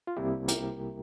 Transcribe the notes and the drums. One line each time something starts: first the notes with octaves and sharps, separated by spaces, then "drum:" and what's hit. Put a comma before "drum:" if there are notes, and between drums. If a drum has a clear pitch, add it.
F4
C2 C3 G3 A#3 E4 G4
G4 A#4, drum: hi-hat